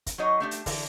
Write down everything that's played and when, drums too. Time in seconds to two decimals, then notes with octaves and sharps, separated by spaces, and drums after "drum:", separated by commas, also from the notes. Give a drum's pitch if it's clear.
0.06 drum: kick, hi-hat
0.18 F#3 D#4 C#5 D#5
0.40 A3 D4 G4
0.51 drum: hi-hat
0.66 D3 E3 D4, drum: kick, open hi-hat